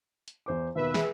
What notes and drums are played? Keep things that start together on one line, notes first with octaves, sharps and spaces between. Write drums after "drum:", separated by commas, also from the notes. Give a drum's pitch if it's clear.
drum: hi-hat
E2 C5 D6
D#2 B2 B4 E5
G#4, drum: snare